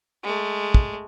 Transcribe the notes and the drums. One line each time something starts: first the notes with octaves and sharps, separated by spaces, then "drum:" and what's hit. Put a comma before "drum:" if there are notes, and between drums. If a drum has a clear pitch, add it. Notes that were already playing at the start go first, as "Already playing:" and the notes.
G#3 A3
drum: kick